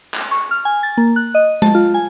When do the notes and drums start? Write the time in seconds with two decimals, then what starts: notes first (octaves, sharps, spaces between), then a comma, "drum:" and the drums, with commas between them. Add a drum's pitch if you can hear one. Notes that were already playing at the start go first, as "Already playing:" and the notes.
0.14 drum: clap
0.31 C#6
0.51 F6
0.65 G#5
0.83 A6
0.97 A#3
1.16 F#6
1.35 D#5
1.62 A5, drum: tom G#3
1.75 F4
1.94 G#5